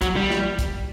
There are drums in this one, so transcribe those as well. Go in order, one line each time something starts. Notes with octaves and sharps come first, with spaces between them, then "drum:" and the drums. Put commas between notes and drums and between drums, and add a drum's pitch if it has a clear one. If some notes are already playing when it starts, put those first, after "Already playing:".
F#3, drum: kick, hi-hat
G3
drum: snare
drum: kick, hi-hat